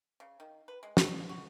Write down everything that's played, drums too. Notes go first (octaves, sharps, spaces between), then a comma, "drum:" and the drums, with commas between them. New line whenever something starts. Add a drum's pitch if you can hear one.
C#3
D#3
B4
G#3
C#4, drum: snare
F#4